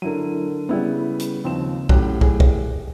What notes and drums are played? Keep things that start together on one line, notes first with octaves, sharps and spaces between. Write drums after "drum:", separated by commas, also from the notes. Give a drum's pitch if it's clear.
D3 F#3 E4 A#4 D#7
C#3 G3 B3 E4 B4
drum: hi-hat
D#2 C#3 F3 C4 D#4 E7
A2 F#3 C#4 G4 F#6, drum: kick
G#4, drum: kick
drum: kick